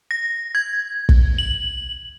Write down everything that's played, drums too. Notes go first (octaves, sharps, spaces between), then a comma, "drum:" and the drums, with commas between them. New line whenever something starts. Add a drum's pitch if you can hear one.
A#6
G#6
drum: kick
F#7